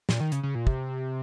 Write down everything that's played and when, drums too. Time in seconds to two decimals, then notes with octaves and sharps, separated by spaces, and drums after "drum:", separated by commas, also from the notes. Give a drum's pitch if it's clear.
0.09 A#2, drum: snare
0.20 D#3
0.32 C#3, drum: hi-hat
0.43 C#3
0.55 A#2
0.67 C3, drum: kick